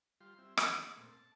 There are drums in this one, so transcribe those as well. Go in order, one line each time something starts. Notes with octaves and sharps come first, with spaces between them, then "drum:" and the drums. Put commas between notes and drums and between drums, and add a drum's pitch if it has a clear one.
G3 F4 C6
G3 C4 E4
D#3 E3 A#3 C4 D4 D#4, drum: rim click
G#3
A#2 A3 C4
A5